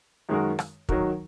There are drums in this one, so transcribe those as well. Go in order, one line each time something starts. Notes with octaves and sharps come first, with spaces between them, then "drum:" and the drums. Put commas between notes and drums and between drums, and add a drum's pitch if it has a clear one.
F#2 D#3 G#3 F#4 A#4
drum: rim click
D#3 F#3 D#4 F#4 A#4, drum: kick